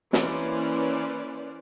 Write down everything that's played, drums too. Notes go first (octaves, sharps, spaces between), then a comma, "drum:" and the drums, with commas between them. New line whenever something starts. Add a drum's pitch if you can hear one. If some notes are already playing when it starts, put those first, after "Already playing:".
E3 A#3 C#4 B4 C5 D5, drum: snare